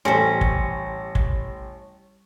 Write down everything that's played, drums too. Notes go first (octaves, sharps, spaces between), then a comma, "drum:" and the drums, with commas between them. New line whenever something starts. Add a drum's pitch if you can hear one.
A1 G3 C#4 C5 C6 A#6 C#7
drum: kick
drum: kick